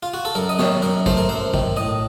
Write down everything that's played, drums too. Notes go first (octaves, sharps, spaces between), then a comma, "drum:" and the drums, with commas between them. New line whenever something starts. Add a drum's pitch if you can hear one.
F4
F#4
A4
F#2 A#4
D#5
D#3 C#5, drum: snare
F#2 A#4
A3 C5, drum: kick
A#4
F#2 C5
D#3, drum: kick
A2 D#5